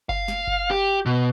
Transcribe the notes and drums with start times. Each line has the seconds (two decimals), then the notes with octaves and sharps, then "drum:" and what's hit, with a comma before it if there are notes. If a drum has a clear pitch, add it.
0.09 F5, drum: kick F#1
0.28 drum: snare
0.47 drum: kick F#1
0.71 G4
1.06 B2